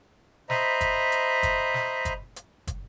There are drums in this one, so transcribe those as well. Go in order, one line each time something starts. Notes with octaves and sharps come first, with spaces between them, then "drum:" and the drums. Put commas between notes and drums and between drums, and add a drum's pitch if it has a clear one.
C5 D#5 E5 A#5 B5, drum: snare
drum: kick, hi-hat
drum: hi-hat
drum: kick, hi-hat
drum: snare
drum: kick, hi-hat
drum: hi-hat
drum: kick, hi-hat